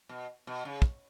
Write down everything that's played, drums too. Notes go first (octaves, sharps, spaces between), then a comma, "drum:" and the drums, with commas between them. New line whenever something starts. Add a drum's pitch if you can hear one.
B2
B2
C#3
drum: kick